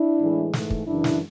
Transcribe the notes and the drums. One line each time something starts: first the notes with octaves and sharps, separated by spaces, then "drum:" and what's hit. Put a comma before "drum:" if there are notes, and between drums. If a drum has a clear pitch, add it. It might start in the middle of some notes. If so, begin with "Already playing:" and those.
Already playing: D4 E4
A2 E3 G#3
G#2 E3 A3, drum: snare
drum: kick
F#2 C#3 E3 D4 E4
drum: snare